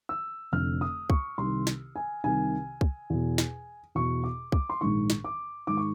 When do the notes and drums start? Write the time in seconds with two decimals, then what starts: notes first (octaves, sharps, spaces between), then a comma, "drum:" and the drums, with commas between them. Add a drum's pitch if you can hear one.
0.09 E6
0.52 F1 F2 D3 F6
0.81 D#6
1.10 C#6, drum: kick
1.38 C2 C3 D#3 C6
1.67 drum: snare
1.96 G#5
2.24 C2 C3 D#3 G#5
2.81 drum: kick
3.10 E2 B2
3.38 drum: snare
3.95 E2 B2 C#6
4.24 D6
4.52 D6, drum: kick
4.70 C6
4.81 A#1 G#2 D#3 C#6
5.10 drum: snare
5.24 D6
5.67 G#2 D#3 D6
5.77 C#6